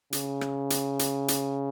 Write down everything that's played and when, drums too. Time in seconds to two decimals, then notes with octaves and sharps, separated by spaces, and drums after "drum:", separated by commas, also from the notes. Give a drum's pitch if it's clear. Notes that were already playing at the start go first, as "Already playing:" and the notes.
0.13 C#3, drum: hi-hat
0.41 drum: rim click
0.70 drum: hi-hat
0.99 drum: hi-hat
1.28 drum: hi-hat